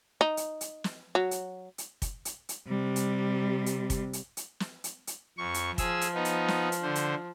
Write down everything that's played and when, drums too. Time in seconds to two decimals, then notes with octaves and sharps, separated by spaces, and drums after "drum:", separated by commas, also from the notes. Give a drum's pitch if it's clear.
0.21 D#4
0.37 drum: hi-hat
0.61 drum: hi-hat
0.84 drum: snare
1.15 F#3
1.31 drum: hi-hat
1.78 drum: hi-hat
2.02 drum: kick, hi-hat
2.25 drum: hi-hat
2.49 drum: hi-hat
2.68 C3 G3
2.96 drum: hi-hat
3.66 drum: hi-hat
3.90 drum: kick, hi-hat
4.13 drum: hi-hat
4.37 drum: hi-hat
4.60 drum: snare
4.84 drum: hi-hat
5.07 drum: hi-hat
5.38 F2 C#6
5.54 drum: hi-hat
5.78 F3 G#4 E6, drum: kick, hi-hat
6.01 drum: hi-hat
6.15 B3 D#4
6.25 drum: hi-hat
6.48 drum: snare
6.72 drum: hi-hat
6.82 D3 C5
6.95 drum: hi-hat